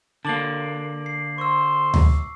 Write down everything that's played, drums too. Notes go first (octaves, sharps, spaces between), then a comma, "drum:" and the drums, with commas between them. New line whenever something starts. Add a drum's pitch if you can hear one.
D3 A#3 A5 D6 F#7
C7
C5 C#6 E6
drum: tom D2